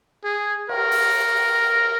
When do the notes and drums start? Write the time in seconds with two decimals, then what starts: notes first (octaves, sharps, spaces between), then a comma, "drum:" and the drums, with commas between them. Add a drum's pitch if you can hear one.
0.24 G#4
0.69 A#4, drum: cymbal
0.91 drum: open hi-hat